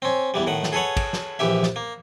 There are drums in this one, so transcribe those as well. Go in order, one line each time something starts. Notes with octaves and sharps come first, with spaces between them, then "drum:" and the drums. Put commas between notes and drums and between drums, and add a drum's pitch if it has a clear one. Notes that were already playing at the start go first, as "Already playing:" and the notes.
C4 C#4
E2 E3 G3
A2 D#3 F#5
drum: snare
G#4 A4 B4 C#5 F#5
drum: kick, cymbal
drum: snare
A#1 E3 G4 E5
drum: snare
A#3